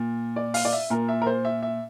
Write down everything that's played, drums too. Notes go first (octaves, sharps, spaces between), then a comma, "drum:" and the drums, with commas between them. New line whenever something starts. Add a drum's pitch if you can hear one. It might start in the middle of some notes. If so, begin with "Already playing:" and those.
Already playing: A#2
D5
F5, drum: open hi-hat
D5
E5
A#2 A#4
E5
A#4
C5
E5
E5